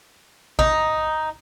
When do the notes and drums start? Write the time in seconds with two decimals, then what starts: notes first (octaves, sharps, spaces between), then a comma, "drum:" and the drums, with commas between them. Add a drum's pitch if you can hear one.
0.59 D#4, drum: kick A1